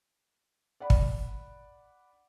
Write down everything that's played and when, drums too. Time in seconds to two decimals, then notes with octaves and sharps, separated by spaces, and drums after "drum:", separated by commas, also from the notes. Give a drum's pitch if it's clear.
0.80 D5 F#5 B5
0.90 drum: kick